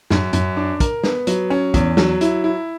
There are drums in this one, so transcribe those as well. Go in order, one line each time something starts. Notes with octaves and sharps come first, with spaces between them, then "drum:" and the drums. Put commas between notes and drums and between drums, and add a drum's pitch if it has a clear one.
F#2, drum: snare
F#2, drum: hi-hat
D4
A#4, drum: kick, hi-hat
B3, drum: snare
F#3, drum: hi-hat
C#4
E2, drum: kick, hi-hat
F#3, drum: snare
E4, drum: hi-hat
E4